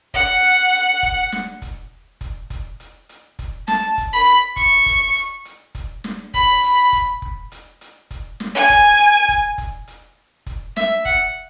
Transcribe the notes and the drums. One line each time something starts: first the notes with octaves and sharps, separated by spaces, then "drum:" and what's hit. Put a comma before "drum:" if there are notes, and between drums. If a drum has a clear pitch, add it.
F#5, drum: kick F1, hi-hat
drum: hi-hat
drum: hi-hat
drum: kick F1, hi-hat
drum: snare
drum: kick F1, hi-hat
drum: kick F1, hi-hat
drum: kick F1, hi-hat
drum: hi-hat
drum: hi-hat
drum: kick F1, hi-hat
A5, drum: snare
drum: kick F1, hi-hat
B5
drum: hi-hat
C#6, drum: kick F1, hi-hat
drum: kick F1, hi-hat
drum: hi-hat
drum: hi-hat
drum: kick F1, hi-hat
drum: snare
B5, drum: kick F1, hi-hat
drum: hi-hat
drum: kick F1, hi-hat
drum: kick F1
drum: hi-hat
drum: hi-hat
drum: kick F1, hi-hat
drum: snare
G#5
drum: kick F1, hi-hat
drum: hi-hat
drum: kick F1, hi-hat
drum: kick F1, hi-hat
drum: hi-hat
drum: kick F1, hi-hat
E5, drum: snare
F#5, drum: kick F1